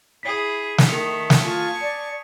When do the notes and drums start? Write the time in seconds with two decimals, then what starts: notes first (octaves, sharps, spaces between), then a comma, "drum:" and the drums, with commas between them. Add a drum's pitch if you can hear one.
0.23 E4 G#4 B6 C7
0.78 drum: snare
0.88 D#3 A3 D#6 C#7 F7
1.30 drum: snare
1.44 F4 G#5 A5 C#6
1.82 D5